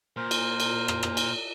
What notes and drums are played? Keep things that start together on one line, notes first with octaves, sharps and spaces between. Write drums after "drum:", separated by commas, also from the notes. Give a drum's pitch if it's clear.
A#2 A#4 C5
drum: cymbal
drum: cymbal
drum: rim click
drum: rim click
drum: cymbal